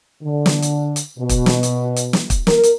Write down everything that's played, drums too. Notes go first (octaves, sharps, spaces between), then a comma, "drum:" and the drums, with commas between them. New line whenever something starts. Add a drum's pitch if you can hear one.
D3
drum: snare
drum: hi-hat
drum: hi-hat
B2
drum: kick, hi-hat
drum: snare
drum: hi-hat
drum: hi-hat
drum: snare
drum: kick, hi-hat
A#4, drum: snare
drum: hi-hat